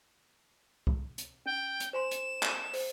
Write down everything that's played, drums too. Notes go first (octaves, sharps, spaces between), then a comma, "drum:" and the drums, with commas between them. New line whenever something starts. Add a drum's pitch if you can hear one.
drum: kick C2
drum: hi-hat
C#4 G5
drum: hi-hat
C5 G#5 C6 E7
drum: hi-hat
drum: clap
C5, drum: open hi-hat